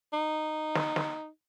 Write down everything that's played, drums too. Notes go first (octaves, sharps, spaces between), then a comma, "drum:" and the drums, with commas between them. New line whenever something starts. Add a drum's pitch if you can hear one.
D#4
drum: snare
drum: snare